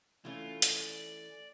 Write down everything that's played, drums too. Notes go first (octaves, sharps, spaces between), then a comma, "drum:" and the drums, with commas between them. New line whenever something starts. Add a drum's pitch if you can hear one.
E3 A3 C#4 F4
drum: hi-hat
D5